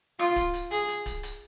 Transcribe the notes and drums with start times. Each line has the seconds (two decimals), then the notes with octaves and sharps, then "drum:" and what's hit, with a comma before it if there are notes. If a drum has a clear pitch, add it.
0.19 F4, drum: rim click
0.36 drum: kick D1, hi-hat
0.54 drum: hi-hat
0.71 G#4, drum: hi-hat
0.88 drum: hi-hat
1.06 drum: kick D1, hi-hat
1.23 drum: hi-hat